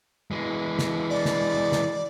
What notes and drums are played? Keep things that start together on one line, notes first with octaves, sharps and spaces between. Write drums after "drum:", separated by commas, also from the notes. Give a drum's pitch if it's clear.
E3 G#3
drum: snare
D5
drum: snare
drum: snare